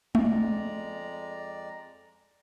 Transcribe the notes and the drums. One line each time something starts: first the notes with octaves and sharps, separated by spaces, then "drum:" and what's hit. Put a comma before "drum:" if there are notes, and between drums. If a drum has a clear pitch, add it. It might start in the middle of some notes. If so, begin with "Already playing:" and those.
F2 G#3 D5 A#5, drum: tom G#3